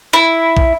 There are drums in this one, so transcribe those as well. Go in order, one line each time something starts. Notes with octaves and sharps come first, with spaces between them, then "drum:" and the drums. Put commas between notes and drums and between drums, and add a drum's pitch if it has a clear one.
E4
drum: kick